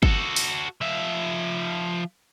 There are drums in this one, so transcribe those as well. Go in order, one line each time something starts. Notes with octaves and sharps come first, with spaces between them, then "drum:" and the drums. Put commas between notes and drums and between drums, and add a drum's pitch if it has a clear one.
F#4 A4, drum: kick
drum: open hi-hat
F3 E5